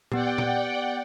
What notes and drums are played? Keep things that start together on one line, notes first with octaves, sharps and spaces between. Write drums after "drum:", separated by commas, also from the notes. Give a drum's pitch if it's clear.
B3 G4 D5 F#5 G5, drum: tom A#2
drum: tom A#2